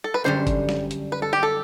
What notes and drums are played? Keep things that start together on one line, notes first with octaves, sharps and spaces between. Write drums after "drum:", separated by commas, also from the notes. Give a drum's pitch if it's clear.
A4
B4
F#2 D3 G3 C5
drum: kick G1, hi-hat
drum: snare
drum: hi-hat
B4
A4
G4
A4